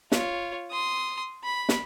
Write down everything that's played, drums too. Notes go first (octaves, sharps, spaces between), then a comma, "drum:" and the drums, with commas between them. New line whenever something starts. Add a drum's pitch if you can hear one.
F4 C#5, drum: snare
C6 D#6
B5
drum: snare